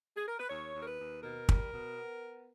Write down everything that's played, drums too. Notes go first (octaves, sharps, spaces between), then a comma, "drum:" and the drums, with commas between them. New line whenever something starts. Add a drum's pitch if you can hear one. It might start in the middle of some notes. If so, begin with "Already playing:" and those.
G#4
A#4
B4
D#2 C#5
D#2
A#4
B4
D#2
B2 A#4
G3, drum: kick
B2
B3